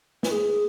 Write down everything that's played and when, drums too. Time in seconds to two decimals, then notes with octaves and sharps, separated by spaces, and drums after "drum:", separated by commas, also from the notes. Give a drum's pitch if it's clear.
0.23 B4, drum: snare
0.31 G#4